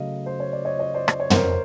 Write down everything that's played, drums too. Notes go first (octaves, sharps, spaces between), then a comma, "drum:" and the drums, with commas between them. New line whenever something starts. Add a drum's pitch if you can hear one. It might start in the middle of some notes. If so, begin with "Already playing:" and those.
Already playing: C#3 F#3 A3 D#5 F5
C5
C#5
D5
C#5 D#5
C#5 D#5
C5 D5
C5, drum: rim click
C#5
A#4 C5, drum: tom